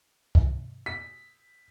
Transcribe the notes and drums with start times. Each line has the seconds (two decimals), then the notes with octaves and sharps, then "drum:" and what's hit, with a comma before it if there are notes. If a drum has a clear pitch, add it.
0.35 drum: kick
0.86 B6